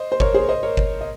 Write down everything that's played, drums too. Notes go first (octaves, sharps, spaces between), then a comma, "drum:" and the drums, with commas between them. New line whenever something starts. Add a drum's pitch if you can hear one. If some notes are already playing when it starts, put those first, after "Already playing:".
Already playing: C5 D#5
C5
A#4 C#5, drum: kick G1
G#4 C5
C5 D#5
A#4 C#5
drum: kick G1
D#5